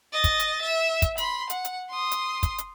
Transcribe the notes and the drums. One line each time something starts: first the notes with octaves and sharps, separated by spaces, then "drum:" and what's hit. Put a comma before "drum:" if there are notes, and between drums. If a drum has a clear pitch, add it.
D#5 A6
drum: kick, hi-hat
drum: hi-hat
E5
drum: kick, hi-hat
B5 C6, drum: hi-hat
F#5, drum: hi-hat
drum: hi-hat
C6 D#6
drum: hi-hat
drum: kick, hi-hat
drum: hi-hat